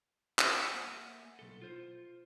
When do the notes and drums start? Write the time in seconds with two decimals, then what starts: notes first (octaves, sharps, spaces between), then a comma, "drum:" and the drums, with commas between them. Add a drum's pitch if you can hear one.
0.39 drum: clap
0.73 A#3 E5 F#5 G#5
1.39 B1 A4
1.62 F4 C5